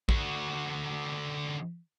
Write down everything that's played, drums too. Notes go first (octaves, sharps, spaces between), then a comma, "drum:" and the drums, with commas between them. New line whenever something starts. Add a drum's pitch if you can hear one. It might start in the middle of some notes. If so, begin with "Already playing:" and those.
D3 F#4, drum: kick